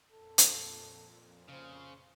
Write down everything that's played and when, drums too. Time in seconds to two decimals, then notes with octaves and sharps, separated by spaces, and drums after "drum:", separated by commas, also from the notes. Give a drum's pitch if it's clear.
0.10 F2 A#2 A4
0.38 drum: hi-hat
1.48 C#3 C5